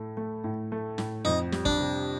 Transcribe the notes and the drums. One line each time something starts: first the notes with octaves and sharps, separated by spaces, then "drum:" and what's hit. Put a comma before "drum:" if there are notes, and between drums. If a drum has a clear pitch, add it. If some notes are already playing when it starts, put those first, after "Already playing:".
Already playing: A2 A3
A3
A2
A3
A2, drum: snare
F2 D#4
G3, drum: snare
D4, drum: kick
C3